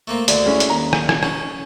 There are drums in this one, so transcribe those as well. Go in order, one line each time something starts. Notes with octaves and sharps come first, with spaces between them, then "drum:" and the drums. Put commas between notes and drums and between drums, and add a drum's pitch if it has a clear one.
A3 A#3 C4
D2 D3 C4, drum: hi-hat
G#3 C#4 E4
drum: hi-hat
D#2 A#5
drum: rim click
drum: rim click
C#4, drum: rim click